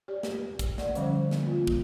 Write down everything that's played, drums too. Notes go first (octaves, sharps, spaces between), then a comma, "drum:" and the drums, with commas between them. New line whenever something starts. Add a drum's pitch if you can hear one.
G4 D5
drum: snare
drum: kick, hi-hat
D5 F#5, drum: snare
D3 F3 G3 C#4 C5, drum: hi-hat
drum: snare
A#3 F4
drum: kick